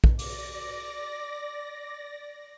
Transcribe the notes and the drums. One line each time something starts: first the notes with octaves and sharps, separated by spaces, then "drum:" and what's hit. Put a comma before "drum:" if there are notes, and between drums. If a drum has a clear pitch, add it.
drum: kick
D5 D6 A#6, drum: open hi-hat